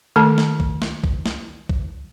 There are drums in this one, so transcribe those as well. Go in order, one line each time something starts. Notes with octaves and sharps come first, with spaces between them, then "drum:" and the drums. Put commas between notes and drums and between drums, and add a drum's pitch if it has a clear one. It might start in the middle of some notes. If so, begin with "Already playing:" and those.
D#3 A3 A4 A5
drum: snare
drum: kick A#1
drum: snare
drum: kick A#1
drum: snare
drum: kick A#1